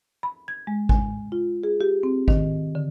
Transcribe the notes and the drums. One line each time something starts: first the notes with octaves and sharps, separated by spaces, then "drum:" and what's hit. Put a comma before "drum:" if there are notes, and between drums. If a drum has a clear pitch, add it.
B5
G#6
G#3
G#5, drum: kick G#1
F4
G#4
G4
C4
D#3, drum: kick G#1
D3